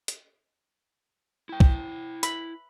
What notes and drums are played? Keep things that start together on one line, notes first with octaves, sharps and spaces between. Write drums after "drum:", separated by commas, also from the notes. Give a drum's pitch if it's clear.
drum: hi-hat
E4 G5
drum: kick C2
B5, drum: hi-hat